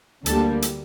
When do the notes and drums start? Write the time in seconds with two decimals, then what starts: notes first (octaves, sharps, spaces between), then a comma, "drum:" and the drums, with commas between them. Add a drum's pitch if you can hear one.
0.26 D2 D3 G3 A#3 A4 A5, drum: hi-hat
0.62 drum: hi-hat